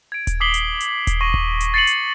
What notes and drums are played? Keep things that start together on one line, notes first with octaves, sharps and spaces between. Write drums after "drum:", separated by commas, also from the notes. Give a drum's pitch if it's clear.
G#6 D7
drum: kick D#1, hi-hat
D6 D#6 B6 C7 F#7 G7
drum: hi-hat
drum: hi-hat
drum: kick D#1, hi-hat
C#6 A#6 D#7
drum: kick D#1
drum: hi-hat
A6 C7 C#7 D#7 F#7
drum: hi-hat